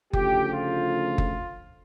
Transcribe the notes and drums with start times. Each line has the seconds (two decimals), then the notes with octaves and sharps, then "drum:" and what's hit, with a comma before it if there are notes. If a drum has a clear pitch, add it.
0.13 D2 C#3 F3 A3 G4, drum: kick F#1
0.53 F4
1.18 drum: kick F#1